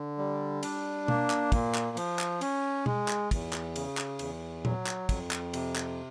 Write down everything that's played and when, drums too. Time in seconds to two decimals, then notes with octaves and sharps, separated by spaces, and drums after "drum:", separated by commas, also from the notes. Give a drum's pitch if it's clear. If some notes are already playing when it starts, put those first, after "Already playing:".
Already playing: D3
0.18 G3
0.63 D4, drum: cymbal
1.08 A#3, drum: tom
1.30 drum: clap
1.52 A#2, drum: kick, cymbal
1.75 drum: clap
1.97 F3, drum: cymbal
2.19 drum: clap
2.41 C#4, drum: cymbal
2.86 G#3, drum: tom
3.08 drum: clap
3.31 E2, drum: kick, cymbal
3.53 drum: clap
3.76 C#3, drum: cymbal
3.97 drum: clap
4.19 E2, drum: cymbal
4.65 F#3, drum: tom A#2
4.87 drum: clap
5.09 F2, drum: kick, cymbal
5.31 drum: clap
5.54 C3, drum: cymbal
5.76 drum: clap